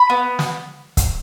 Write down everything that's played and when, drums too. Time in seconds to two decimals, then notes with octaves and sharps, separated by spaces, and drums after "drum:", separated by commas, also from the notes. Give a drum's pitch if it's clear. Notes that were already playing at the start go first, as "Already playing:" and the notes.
Already playing: B5
0.10 B3
0.39 drum: snare
0.97 drum: kick C#1, hi-hat